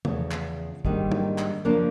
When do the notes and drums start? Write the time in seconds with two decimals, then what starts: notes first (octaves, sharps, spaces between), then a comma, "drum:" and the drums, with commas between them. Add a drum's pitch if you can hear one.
0.05 E2 C#3 F3 A3, drum: tom C3
0.31 drum: clap
0.85 G#2 D#3 G3 A#3 D4, drum: kick
1.12 drum: tom
1.38 drum: clap
1.65 C#3 F3 A#3 D4